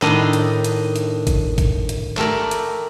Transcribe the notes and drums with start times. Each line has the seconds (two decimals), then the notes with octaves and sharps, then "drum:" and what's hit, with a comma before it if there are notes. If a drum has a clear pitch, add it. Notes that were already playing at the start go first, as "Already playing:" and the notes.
0.02 A2 D#3 D4 D#5, drum: clap
0.33 drum: hi-hat
0.64 drum: hi-hat
0.96 drum: hi-hat
1.27 drum: kick, hi-hat
1.58 drum: kick, hi-hat
1.89 drum: hi-hat
2.17 A3 G4 A#4 D5, drum: clap
2.51 drum: hi-hat